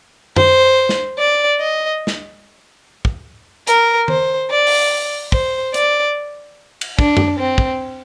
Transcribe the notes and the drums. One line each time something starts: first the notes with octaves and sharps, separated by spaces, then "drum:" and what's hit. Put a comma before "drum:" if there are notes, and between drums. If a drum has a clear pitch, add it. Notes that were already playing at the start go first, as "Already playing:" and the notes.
C5, drum: tom F#2
drum: snare
D5
D#5
drum: snare
drum: kick
A#4, drum: hi-hat
C5, drum: tom D#3
D5
drum: open hi-hat
C5, drum: kick
D5, drum: hi-hat
drum: cymbal
D4, drum: kick
drum: tom F#2
C4
drum: kick